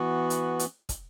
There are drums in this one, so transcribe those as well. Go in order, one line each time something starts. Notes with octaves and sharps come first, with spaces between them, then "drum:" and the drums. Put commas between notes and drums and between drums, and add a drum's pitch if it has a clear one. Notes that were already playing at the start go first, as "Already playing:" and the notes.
Already playing: E3 B3 F#4
drum: hi-hat
drum: hi-hat
drum: kick, hi-hat